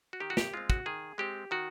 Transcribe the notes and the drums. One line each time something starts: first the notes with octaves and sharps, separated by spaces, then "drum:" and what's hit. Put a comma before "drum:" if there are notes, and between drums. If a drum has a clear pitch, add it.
F#4
D#3 G4
F#4
G4, drum: snare
G#3 C4 F4
F#4, drum: kick
D#3 G#4
G#3 C4 G4
D#3 F#4